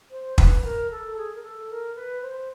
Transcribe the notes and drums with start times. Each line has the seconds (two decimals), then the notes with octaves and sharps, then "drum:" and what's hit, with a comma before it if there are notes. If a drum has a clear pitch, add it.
0.11 C5
0.38 B4, drum: kick
0.63 A#4
0.91 A4
1.17 G#4
1.35 A#4
1.43 A4
1.70 A#4
1.95 B4
2.22 C5